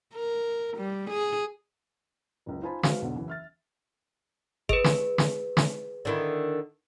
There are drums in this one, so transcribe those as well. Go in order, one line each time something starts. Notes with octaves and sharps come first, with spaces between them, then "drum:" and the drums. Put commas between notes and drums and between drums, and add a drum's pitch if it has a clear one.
A#4
G3
G#4
F#1 C#2
D#4 F4 C5 G#5 A5 B5
G#3 F#4 B4 C5 F5, drum: snare
B1 E2 D3
F#1 C#3 E3
E5 F6 A6
G#4 B4 D#5, drum: kick F#1
drum: snare
drum: snare
drum: snare
D3 D#3 E4